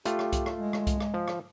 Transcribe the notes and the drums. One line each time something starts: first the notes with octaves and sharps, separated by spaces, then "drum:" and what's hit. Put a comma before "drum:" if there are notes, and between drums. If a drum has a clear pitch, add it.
A3 F4 G4, drum: hi-hat
drum: rim click
drum: kick C2, hi-hat
drum: rim click
G#3
drum: rim click
drum: kick C2, hi-hat
drum: rim click
F3
drum: rim click